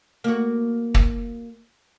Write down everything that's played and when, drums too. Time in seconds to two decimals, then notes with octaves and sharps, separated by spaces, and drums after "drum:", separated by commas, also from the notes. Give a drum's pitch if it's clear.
0.24 A#3 F#4
0.95 drum: kick